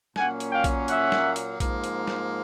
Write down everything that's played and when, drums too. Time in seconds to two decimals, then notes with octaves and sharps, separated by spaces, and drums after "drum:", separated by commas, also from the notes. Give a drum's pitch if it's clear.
0.16 A#2 F#3 A#3 C#4 F#5 G#5, drum: snare
0.40 drum: hi-hat
0.52 F5 G5
0.64 drum: kick A#1, hi-hat
0.88 E5 F#5, drum: hi-hat
1.12 drum: snare
1.36 drum: hi-hat
1.60 G#2 F3 A#3, drum: kick A#1, hi-hat
1.84 drum: hi-hat
2.07 drum: snare